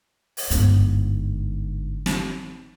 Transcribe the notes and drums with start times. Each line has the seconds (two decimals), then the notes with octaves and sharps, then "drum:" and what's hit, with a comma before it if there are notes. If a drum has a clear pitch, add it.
0.37 drum: open hi-hat
0.50 G1 G#2, drum: hi-hat
2.06 drum: snare